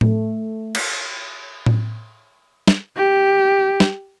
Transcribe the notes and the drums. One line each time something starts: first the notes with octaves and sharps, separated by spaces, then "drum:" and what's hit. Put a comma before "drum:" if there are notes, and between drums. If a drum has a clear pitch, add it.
A3, drum: tom A2
drum: cymbal
drum: tom A2
drum: snare
G4
drum: snare